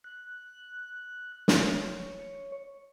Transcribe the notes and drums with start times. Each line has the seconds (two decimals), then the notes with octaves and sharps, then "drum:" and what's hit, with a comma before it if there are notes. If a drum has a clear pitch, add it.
0.04 F#6
1.48 C#5, drum: snare